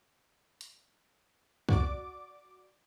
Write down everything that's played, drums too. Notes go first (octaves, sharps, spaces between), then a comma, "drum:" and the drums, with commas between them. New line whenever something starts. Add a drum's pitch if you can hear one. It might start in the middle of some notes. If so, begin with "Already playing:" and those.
drum: hi-hat
F#4 D5 D6, drum: kick